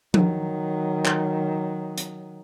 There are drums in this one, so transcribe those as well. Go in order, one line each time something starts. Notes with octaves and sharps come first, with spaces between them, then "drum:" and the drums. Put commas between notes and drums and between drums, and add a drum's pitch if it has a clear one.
D#3 F#3, drum: tom F3
drum: clap
drum: hi-hat